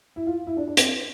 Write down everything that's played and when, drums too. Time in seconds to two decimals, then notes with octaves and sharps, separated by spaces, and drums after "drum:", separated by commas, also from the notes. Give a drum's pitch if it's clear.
0.16 E4
0.27 F4
0.47 E4
0.57 D4
0.68 D4
0.77 C4, drum: hi-hat